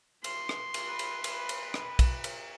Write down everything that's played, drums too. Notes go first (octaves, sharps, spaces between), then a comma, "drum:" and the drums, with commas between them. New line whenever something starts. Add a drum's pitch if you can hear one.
C6, drum: cymbal
drum: rim click
drum: cymbal
B4
drum: cymbal
drum: cymbal
drum: cymbal
drum: rim click
drum: kick, cymbal
drum: cymbal